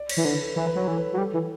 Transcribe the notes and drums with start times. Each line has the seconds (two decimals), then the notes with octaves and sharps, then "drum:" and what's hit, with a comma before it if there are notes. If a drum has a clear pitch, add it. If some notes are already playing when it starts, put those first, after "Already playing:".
Already playing: D5
0.09 C#5, drum: cymbal
0.17 E3
0.25 D3 B4
0.41 A4
0.56 E3 B4
0.67 B4
0.75 F#3 C#5
0.87 E3 A4
0.97 B4
1.13 F#3
1.18 G3 A4
1.34 E3